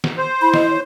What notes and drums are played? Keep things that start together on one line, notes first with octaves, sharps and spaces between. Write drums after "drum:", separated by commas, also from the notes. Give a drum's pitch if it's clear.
drum: snare
C5
E4 B5
D#5, drum: snare
C#5